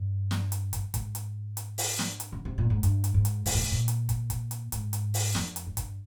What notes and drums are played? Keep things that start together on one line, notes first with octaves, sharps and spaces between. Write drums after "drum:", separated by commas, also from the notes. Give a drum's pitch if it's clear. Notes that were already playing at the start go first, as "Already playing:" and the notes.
Already playing: G2
drum: snare
drum: hi-hat
drum: kick, hi-hat
G#2, drum: kick, hi-hat
drum: hi-hat
drum: hi-hat
drum: open hi-hat
drum: snare
drum: hi-hat
C#3
C3
A#2
G#2
G2, drum: hi-hat
drum: hi-hat
G#2
drum: hi-hat
C3, drum: open hi-hat
A#2
G#2
A#2
drum: hi-hat
drum: kick, hi-hat
drum: kick, hi-hat
drum: hi-hat
G#2, drum: hi-hat
drum: hi-hat
drum: open hi-hat
F2, drum: snare
drum: hi-hat
G2
drum: kick, hi-hat